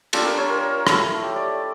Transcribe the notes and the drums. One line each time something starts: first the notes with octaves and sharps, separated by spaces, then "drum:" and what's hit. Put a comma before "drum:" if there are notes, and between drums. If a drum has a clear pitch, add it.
G3 D4 F4 A4, drum: cymbal
A#4
C#5
A#4
A3 E4, drum: rim click
G4
D5
E5